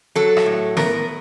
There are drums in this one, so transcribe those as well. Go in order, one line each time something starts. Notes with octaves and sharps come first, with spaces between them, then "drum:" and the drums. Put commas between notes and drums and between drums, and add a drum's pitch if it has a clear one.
F#3 A4
drum: rim click
A2
B3 A#4, drum: snare